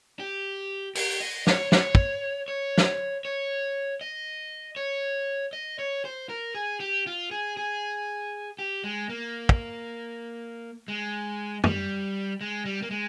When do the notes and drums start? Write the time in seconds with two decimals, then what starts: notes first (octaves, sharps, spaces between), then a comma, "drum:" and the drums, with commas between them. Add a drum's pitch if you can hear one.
0.20 G4
0.95 G4, drum: open hi-hat
1.21 D#5
1.47 C#5, drum: snare
1.72 C#5, drum: snare
1.95 drum: kick
2.48 C#5
2.78 drum: snare
3.25 C#5
4.01 D#5
4.76 C#5
5.53 D#5
5.79 C#5
6.05 C5
6.29 A#4
6.55 G#4
6.80 G4
7.07 F4
7.31 G#4
7.57 G#4
8.59 G4
8.84 G#3
9.09 A#3
9.49 drum: kick
10.88 G#3
11.64 G3, drum: tom
12.41 G#3
12.65 G3
12.82 A#3
12.91 G#3